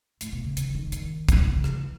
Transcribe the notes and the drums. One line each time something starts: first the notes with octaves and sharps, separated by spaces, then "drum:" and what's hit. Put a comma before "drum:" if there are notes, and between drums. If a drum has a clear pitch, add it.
A2, drum: hi-hat
B2
C#3
D#3, drum: hi-hat
E3
D#3
D#3, drum: hi-hat
D#3, drum: kick, hi-hat
D#3
C#3
E3, drum: rim click